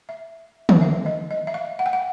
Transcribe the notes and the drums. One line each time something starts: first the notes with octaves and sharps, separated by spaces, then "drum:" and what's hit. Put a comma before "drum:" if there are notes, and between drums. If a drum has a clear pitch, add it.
E5
drum: tom
E5
D#5
D#5
E5
F5
F#5
G5
F#5